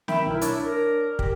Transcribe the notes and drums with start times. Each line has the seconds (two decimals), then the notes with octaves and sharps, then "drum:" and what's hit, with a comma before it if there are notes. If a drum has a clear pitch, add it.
0.08 D#3 E5 G5 B5, drum: snare
0.26 B1 E4 A#4
0.41 D4 C#5 D5, drum: hi-hat
0.65 A#4
1.19 G4, drum: kick